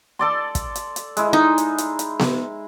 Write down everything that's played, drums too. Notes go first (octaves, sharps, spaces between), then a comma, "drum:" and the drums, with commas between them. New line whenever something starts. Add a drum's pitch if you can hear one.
A4 D5 C6
drum: kick, hi-hat
drum: hi-hat
drum: hi-hat
G#3 E4, drum: hi-hat
D#4
drum: hi-hat
drum: hi-hat
drum: hi-hat
drum: snare B3